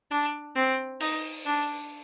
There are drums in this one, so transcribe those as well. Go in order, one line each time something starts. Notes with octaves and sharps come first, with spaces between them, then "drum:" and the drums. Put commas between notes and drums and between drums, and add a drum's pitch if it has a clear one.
D4
C4
D#4, drum: cymbal
D4
drum: tambourine